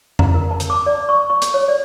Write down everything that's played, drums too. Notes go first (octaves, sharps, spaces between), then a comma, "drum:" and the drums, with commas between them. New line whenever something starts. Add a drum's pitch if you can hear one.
A#5, drum: tom F2
A#4
A5
drum: hi-hat
D6
D5
C#6
C#6
drum: hi-hat
C#5
D5